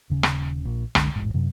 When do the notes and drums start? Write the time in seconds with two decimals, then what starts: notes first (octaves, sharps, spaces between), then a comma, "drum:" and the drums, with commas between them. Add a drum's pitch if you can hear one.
0.10 D#1 C#3 C#4
0.23 drum: rim click
0.65 A#1
0.95 F#1 C2 D3 G#3, drum: rim click
1.15 E1 A1 G#2
1.34 F#2 C3 F#3